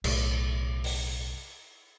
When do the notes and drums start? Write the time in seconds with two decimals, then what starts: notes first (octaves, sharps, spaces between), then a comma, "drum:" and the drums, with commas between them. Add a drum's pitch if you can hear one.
0.04 B1 A2, drum: cymbal
0.84 drum: open hi-hat